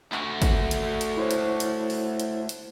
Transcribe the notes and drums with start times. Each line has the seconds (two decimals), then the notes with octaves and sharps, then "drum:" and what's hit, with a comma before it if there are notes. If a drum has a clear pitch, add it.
0.12 A3 F#4, drum: clap
0.42 drum: kick, hi-hat
0.71 drum: hi-hat
1.01 drum: hi-hat
1.17 E4 C5 C#5
1.31 drum: hi-hat
1.60 drum: hi-hat
1.90 drum: open hi-hat
2.20 drum: hi-hat
2.49 drum: hi-hat